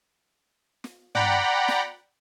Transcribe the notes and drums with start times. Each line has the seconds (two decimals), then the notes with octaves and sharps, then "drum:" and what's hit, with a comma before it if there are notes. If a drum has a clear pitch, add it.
0.84 drum: snare
1.15 D5 F#5 G5 A#5 B5, drum: tom
1.68 drum: snare